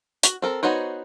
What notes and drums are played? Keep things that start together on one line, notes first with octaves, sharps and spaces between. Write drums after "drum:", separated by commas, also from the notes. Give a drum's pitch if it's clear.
F#4, drum: hi-hat
C4 A4 A#4
B3 D#4 F#4 C5 C#5